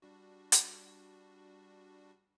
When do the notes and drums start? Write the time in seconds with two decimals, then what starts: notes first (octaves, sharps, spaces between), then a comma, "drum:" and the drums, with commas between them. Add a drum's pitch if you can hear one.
0.02 G3 D4 F#4
0.52 drum: hi-hat